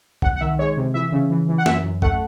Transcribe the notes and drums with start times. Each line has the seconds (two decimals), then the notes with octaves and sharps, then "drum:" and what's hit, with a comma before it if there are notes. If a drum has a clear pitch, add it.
0.22 C2 F#5, drum: kick
0.36 F#5
0.41 D#3 E5
0.58 G#3 C#5
0.77 C3
0.94 E3 E5
1.12 C#3
1.30 E3
1.49 E3
1.58 F#5
1.66 F#2 E5, drum: snare
1.84 F#2
2.02 A3 F#5, drum: kick